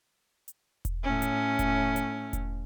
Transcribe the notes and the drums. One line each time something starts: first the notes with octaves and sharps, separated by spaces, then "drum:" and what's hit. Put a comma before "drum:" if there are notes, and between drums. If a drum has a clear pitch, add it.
drum: hi-hat
drum: kick E1, hi-hat
A2 C#4
drum: hi-hat
drum: kick E1, hi-hat
drum: hi-hat
drum: kick E1, hi-hat